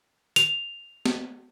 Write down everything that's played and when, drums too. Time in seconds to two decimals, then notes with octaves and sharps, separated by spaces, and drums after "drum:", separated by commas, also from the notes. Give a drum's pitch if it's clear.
0.36 F7, drum: hi-hat
1.06 drum: snare